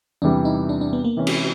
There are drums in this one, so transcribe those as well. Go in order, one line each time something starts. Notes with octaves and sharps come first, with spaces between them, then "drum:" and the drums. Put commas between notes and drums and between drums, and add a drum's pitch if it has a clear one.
E2 C3 E3 G3 D4
D#4
D4
D4
B3
A#3
C3 E3 G#3 C#4
drum: cymbal